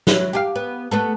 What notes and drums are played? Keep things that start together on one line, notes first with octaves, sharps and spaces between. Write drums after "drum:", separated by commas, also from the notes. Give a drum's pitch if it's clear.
F#3 E4, drum: snare
G4 G#4 F5
B3
A3 B3 A4